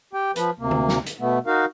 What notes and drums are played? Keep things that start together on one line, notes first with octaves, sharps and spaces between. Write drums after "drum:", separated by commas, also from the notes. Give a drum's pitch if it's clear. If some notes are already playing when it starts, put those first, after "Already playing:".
G4 G5
F3 B4, drum: hi-hat
D2 C3 A#3
drum: tom D3
drum: snare
drum: hi-hat
B2 A3 B3
D#4 F#4 A#4 F5